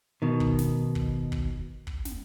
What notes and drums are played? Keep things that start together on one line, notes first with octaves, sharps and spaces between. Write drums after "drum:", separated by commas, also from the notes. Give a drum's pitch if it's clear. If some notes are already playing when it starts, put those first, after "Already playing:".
B2 D#3
drum: kick
drum: snare
drum: kick
drum: kick
drum: kick
drum: snare